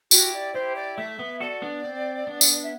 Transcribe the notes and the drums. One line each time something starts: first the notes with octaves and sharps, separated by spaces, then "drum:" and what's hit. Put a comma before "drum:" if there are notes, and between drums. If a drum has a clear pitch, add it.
E4 F#4 G4, drum: tambourine
D5
E4 G4 C5
D5
A3 E5
B3
F#4 A4 D5
B3 D4
C4
B3 D4
drum: tambourine
E5